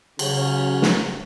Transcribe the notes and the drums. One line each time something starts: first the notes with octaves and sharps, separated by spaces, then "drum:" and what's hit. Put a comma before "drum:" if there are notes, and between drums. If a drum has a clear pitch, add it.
C#3 F#3 C#4, drum: cymbal
drum: snare